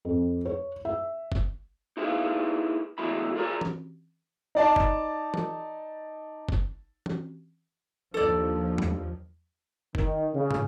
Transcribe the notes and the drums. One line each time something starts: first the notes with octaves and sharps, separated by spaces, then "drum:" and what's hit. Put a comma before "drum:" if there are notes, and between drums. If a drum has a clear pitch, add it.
F2
C#5
E5
drum: kick
D#4 E4 G#4 B4 F5
E2 A2 F#3 G#3 E4 B5
F4 G#4 A#4 D5 A#5
drum: tom E3
D#4 D5 A5
drum: kick
drum: tom
drum: kick
drum: tom E3
D#2 F3 D4 A4 D5
drum: tom E2
D#3, drum: kick
C#3
drum: tom